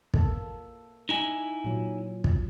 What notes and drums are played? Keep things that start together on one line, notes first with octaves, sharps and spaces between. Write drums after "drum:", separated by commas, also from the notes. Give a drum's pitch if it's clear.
A#3 A4, drum: kick
D#4 E4 G#5
A#2 F#3
drum: kick